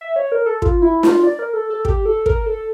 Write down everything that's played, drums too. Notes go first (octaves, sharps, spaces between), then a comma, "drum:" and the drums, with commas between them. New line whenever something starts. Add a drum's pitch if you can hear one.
E5
C#5
A#4
A4
F4, drum: kick
E4
F4, drum: snare
D5
A#4
A4
A4
G4, drum: kick
A4
A#4, drum: kick
A4